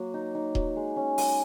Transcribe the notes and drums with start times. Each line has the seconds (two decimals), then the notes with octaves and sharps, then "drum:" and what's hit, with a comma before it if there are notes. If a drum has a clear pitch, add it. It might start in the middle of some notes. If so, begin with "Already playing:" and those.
Already playing: F#3 A#3
0.14 D#4
0.35 D#4
0.55 F#3, drum: kick D#1
0.76 G#3
0.96 C#4
1.18 G#3, drum: open hi-hat